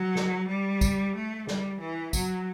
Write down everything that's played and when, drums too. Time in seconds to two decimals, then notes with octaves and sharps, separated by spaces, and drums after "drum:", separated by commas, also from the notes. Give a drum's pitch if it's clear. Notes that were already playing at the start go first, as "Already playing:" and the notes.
Already playing: F#3
0.15 drum: snare
0.48 G3
0.81 drum: kick, tambourine
1.15 A3
1.47 G3, drum: snare
1.80 E3
2.13 F#3, drum: kick, tambourine